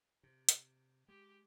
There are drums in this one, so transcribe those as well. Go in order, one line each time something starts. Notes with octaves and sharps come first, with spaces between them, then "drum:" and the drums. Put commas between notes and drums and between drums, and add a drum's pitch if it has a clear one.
C3
drum: hi-hat
G#3 G4